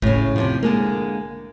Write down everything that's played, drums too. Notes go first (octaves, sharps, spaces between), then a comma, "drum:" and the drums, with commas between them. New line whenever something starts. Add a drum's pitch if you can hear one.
A2 C#3, drum: kick G1
F2 A2 C3
D3 G#3 A#3